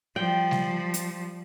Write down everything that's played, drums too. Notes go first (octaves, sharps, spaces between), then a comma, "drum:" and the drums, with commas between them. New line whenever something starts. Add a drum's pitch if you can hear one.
F3 G3 G5
drum: snare G3
drum: hi-hat